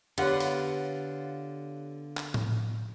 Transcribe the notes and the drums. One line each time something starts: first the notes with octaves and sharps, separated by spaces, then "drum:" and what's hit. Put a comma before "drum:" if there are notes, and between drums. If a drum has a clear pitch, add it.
D3 B3 F4 G4 B4 C#5 F5 F#5, drum: hi-hat
drum: open hi-hat
drum: clap
drum: tom A2